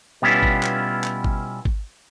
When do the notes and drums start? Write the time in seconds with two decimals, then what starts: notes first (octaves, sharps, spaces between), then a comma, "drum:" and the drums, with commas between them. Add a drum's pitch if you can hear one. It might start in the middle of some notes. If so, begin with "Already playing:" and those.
0.22 B2 G3 B3 C#4 E4 F4
0.43 drum: kick G#1
0.63 drum: clap
1.04 drum: clap
1.24 drum: kick G#1
1.65 drum: kick G#1